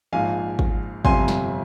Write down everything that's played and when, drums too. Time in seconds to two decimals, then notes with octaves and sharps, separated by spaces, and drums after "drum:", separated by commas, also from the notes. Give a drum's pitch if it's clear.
0.13 A#1 G#2 F3 F5 G#5
0.59 drum: kick
1.05 G1 F2 C3 G#5 C6, drum: kick
1.28 drum: snare